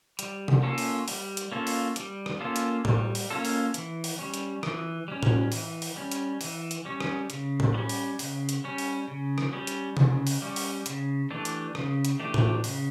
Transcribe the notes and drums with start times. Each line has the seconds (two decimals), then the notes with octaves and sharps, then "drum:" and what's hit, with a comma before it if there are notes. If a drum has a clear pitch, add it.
0.19 G3, drum: hi-hat
0.48 drum: tom C3
0.63 A#3 C#4 F4 A4
0.78 drum: open hi-hat
1.08 G3, drum: open hi-hat
1.37 drum: hi-hat
1.52 A#3 C#4 F4 A4
1.67 drum: open hi-hat
1.96 G3, drum: hi-hat
2.26 drum: rim click
2.41 A#3 C#4 F4 A4
2.56 drum: hi-hat
2.85 G3, drum: tom A2
3.15 drum: open hi-hat
3.30 A#3 C#4 F4 A4
3.45 drum: open hi-hat
3.74 E3, drum: hi-hat
4.04 drum: open hi-hat
4.19 G3 C#4
4.34 drum: hi-hat
4.63 E3, drum: rim click
5.08 G3 C#4
5.23 drum: tom A2
5.52 E3, drum: open hi-hat
5.82 drum: open hi-hat
5.96 G3 C#4
6.12 drum: hi-hat
6.41 E3, drum: open hi-hat
6.71 drum: hi-hat
6.85 G3 C#4
7.00 drum: rim click
7.30 C#3, drum: hi-hat
7.60 drum: tom A2
7.74 G3 C#4
7.89 drum: open hi-hat
8.19 C#3, drum: open hi-hat
8.49 drum: hi-hat
8.64 G3 C#4
8.78 drum: open hi-hat
9.08 C#3
9.38 drum: rim click
9.53 G3 C#4
9.67 drum: hi-hat
9.97 C#3, drum: tom C3
10.27 drum: open hi-hat
10.42 G3 C#4
10.56 drum: open hi-hat
10.86 C#3, drum: hi-hat
11.30 E3 A3 D4 G4
11.45 drum: hi-hat
11.75 C#3, drum: rim click
12.05 drum: hi-hat
12.20 E3 A3 D4 G4
12.34 drum: tom A2
12.64 C#3, drum: open hi-hat